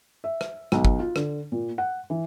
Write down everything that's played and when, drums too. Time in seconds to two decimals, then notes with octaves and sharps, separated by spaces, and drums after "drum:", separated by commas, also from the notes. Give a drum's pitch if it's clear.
0.24 E5
0.41 drum: rim click
0.72 B1, drum: rim click
0.85 drum: kick
0.99 F4
1.16 D3, drum: rim click
1.52 A#2
1.78 F#5
2.10 E3